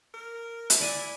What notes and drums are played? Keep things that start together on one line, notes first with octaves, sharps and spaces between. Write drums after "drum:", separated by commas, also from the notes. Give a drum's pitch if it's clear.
A#4
drum: hi-hat
E4 D5 G#5